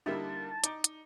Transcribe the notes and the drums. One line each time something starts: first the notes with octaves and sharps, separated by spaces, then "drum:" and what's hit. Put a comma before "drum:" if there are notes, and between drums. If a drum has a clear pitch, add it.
D3 G3 A#3 D#4 E4 E5 A5
D#4 D5, drum: hi-hat
drum: hi-hat